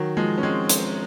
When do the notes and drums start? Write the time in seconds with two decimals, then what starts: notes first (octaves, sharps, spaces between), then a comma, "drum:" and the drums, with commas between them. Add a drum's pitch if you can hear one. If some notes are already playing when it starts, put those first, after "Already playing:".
Already playing: D#3 F#3
0.17 F3 G#3
0.38 C#4
0.43 G#3 C4
0.70 drum: hi-hat